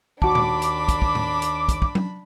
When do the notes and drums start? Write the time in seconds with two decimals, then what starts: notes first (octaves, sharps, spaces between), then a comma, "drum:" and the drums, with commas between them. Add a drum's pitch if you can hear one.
0.22 D#2 D4 F#4 A5 B5 D6, drum: kick
0.35 drum: tom
0.62 drum: hi-hat
0.88 drum: kick, hi-hat
1.02 drum: kick
1.15 drum: tom A2
1.42 drum: hi-hat
1.69 drum: kick, hi-hat
1.82 drum: kick
1.95 drum: tom